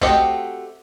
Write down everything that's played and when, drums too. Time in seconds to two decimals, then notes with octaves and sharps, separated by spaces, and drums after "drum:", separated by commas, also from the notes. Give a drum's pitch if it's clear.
0.01 A3 C4 F#4 G4 D#5, drum: kick A#1